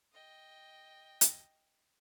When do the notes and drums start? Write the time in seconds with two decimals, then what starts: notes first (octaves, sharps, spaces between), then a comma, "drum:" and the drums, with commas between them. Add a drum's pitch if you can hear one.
0.12 D#5 G5
1.21 drum: hi-hat